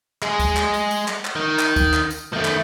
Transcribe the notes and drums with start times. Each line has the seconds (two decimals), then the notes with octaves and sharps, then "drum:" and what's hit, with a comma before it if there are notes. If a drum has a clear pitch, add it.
0.22 G#3 G#4, drum: clap
0.40 drum: kick, tambourine
0.57 drum: clap
0.74 drum: tambourine
0.91 drum: tambourine
1.08 drum: clap
1.25 drum: clap
1.36 D#3
1.59 drum: clap
1.76 drum: kick, tambourine
1.93 drum: clap
2.10 drum: tambourine
2.33 D#3 A3
2.45 drum: clap